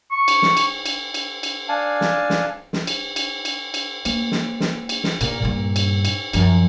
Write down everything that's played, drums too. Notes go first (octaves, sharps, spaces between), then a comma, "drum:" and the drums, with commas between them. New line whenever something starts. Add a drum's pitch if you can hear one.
C#6
drum: cymbal
drum: snare
drum: cymbal
drum: cymbal
drum: cymbal
drum: cymbal
D4 F5 G#5 A5
drum: snare
drum: snare
drum: snare
drum: cymbal
drum: cymbal
drum: cymbal
drum: cymbal
A#3, drum: cymbal
drum: snare
drum: snare
drum: cymbal
drum: snare
A#2, drum: cymbal
G2 A#2
drum: cymbal
drum: cymbal
F#2 F3, drum: cymbal